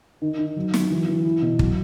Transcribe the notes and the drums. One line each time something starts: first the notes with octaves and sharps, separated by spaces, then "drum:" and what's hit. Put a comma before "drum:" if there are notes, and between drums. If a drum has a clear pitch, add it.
D#3
D#3
F#3
F#3, drum: snare
E3
E3
E4
B2
F#3, drum: kick